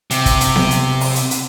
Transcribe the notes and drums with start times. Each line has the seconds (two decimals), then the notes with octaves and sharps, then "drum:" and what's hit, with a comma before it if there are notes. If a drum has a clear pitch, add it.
0.11 C3, drum: hi-hat
0.26 drum: kick, hi-hat
0.41 drum: hi-hat
0.56 drum: snare B3
0.71 drum: hi-hat
1.01 drum: open hi-hat
1.16 drum: hi-hat
1.31 drum: hi-hat